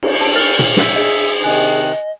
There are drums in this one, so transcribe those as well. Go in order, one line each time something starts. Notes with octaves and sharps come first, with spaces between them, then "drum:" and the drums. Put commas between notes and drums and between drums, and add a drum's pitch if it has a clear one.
drum: cymbal
A5 D7
A#4 F6 A6
drum: tom A#2
E5, drum: snare
G#4 D#5
C3 D#3 D#5 G#5 F#6